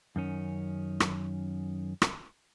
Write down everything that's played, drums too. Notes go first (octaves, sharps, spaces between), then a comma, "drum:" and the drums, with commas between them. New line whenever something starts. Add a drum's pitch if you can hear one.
F#2 D#3 C#4
drum: rim click
drum: rim click